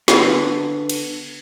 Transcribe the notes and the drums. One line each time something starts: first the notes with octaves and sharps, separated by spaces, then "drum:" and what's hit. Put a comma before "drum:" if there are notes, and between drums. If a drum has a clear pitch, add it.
D3 B3, drum: snare
drum: cymbal